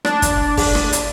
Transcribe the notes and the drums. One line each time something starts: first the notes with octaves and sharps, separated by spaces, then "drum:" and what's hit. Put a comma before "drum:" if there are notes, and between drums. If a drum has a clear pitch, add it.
D4, drum: rim click
drum: kick, hi-hat
drum: kick, open hi-hat
drum: rim click
drum: hi-hat